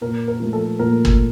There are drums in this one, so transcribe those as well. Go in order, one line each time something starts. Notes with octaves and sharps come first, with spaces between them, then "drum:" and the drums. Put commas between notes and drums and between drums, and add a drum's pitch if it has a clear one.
A#2 A#4
A#4
F3 A3
A4
A#2 A#4
drum: kick